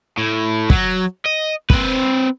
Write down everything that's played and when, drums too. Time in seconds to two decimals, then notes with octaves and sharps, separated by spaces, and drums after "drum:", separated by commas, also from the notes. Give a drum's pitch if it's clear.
0.18 A2
0.70 F#3, drum: kick
1.25 D#5
1.70 C4 B4, drum: kick